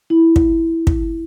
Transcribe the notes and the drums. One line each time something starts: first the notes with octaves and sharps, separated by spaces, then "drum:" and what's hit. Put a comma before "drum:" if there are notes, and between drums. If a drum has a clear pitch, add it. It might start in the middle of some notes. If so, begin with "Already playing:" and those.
E4
drum: kick
drum: kick